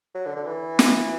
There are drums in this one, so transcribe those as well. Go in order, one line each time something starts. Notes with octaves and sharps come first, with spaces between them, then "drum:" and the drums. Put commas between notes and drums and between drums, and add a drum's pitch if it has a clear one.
F#3
D3
D3
E3
drum: snare